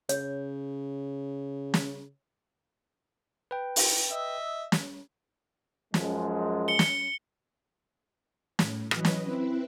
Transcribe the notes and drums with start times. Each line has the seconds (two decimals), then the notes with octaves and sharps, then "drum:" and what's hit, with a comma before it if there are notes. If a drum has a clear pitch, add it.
0.09 C#3 C#5, drum: hi-hat
1.74 drum: snare
3.51 B4 G5
3.76 drum: open hi-hat
4.11 D#5 E5
4.72 drum: snare
5.94 F#2 F3 G#3, drum: snare
6.68 C#7 G7
6.79 drum: snare
8.59 A2, drum: snare
8.91 E3 F#3 C#4 B4 D#5, drum: rim click
9.05 drum: snare
9.24 C4 E4 B4